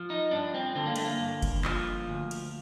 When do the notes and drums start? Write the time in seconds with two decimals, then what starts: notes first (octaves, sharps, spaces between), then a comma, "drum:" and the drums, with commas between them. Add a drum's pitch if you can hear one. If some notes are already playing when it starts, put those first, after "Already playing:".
Already playing: F3
0.10 D#4
0.31 G2 D4
0.54 C4
0.75 D3 C4
0.86 A#3
0.96 A3, drum: cymbal
1.05 A#3
1.21 G2
1.42 drum: kick F#1, cymbal
1.65 F3, drum: clap
2.09 D2
2.31 drum: cymbal